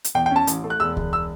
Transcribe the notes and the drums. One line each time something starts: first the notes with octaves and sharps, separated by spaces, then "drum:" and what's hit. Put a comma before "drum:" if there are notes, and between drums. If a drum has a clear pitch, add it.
drum: hi-hat
E2 G5
G5
C#4 A5
A1, drum: hi-hat
A3
F#6
E1 E6
E1, drum: kick C#2
E6